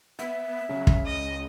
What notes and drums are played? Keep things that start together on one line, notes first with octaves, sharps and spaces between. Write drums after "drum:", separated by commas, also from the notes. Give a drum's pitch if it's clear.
B3 E5
C#3 F#3
drum: kick
C#2 D#5